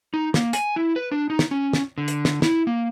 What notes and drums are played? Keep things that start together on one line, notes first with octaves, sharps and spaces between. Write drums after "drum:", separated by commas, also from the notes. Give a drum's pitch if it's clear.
D#4
A#3, drum: snare
G#5, drum: hi-hat
E4
B4
D4
D#4
drum: snare
C#4
drum: snare
D3
drum: hi-hat
drum: snare
E4, drum: snare
A#3